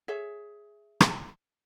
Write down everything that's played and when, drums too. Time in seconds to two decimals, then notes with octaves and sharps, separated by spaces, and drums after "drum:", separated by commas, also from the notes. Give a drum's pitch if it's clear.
0.08 G#4 C#5 E5
1.01 drum: rim click